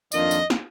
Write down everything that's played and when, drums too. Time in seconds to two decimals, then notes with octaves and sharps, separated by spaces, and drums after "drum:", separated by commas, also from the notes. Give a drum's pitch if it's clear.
0.12 F2 D#3 A#3 D4 F4 D#5, drum: tambourine
0.31 drum: tambourine
0.50 drum: snare